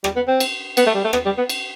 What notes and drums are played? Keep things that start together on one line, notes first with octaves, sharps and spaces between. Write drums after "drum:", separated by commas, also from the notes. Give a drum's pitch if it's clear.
G3, drum: rim click
B3
C4
drum: cymbal
B3, drum: cymbal
A3
G3
A3
B3, drum: rim click
G3
B3
drum: cymbal